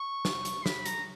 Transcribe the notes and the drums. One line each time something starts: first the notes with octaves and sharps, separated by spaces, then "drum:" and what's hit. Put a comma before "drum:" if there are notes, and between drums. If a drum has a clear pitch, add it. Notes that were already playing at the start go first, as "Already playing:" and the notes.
Already playing: C#6
drum: snare
drum: hi-hat
B5, drum: snare
A#5, drum: hi-hat